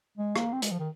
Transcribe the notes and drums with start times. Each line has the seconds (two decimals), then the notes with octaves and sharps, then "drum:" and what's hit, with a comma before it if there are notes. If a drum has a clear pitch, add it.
0.18 G#3
0.36 A#3, drum: rim click
0.53 C4
0.62 G#3, drum: hi-hat
0.71 F3
0.80 D#3